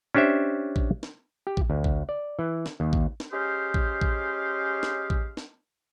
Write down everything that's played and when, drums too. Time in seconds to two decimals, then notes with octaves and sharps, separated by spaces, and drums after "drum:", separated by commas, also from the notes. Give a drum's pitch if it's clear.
0.15 C#4 D4 G4 C5 E5
0.76 drum: kick A1
1.03 drum: snare
1.47 G4
1.57 drum: kick A1
1.70 D2
1.84 drum: kick A1
2.09 D5
2.39 E3
2.66 drum: snare
2.80 D#2
2.93 drum: kick A1
3.20 drum: snare
3.32 G#3 C#4 G4 G#4 C5 F5
3.74 drum: kick A1
4.01 drum: kick A1
4.83 drum: snare
5.10 drum: kick A1
5.37 drum: snare